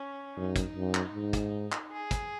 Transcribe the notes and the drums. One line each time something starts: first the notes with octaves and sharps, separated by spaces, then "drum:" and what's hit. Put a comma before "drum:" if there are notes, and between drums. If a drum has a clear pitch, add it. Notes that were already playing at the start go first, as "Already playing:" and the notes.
Already playing: C#4
F#2 D#4
drum: kick, hi-hat
F#2
drum: clap
G#2
drum: kick, hi-hat
drum: clap
G#4
drum: kick, hi-hat